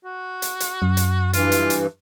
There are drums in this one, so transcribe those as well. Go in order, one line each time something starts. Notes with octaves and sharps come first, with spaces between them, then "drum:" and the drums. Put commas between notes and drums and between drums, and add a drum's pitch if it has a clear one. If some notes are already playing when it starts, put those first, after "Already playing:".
F#4
drum: hi-hat
drum: hi-hat
F#2
drum: hi-hat
G2 E3 F4, drum: hi-hat
drum: hi-hat
drum: hi-hat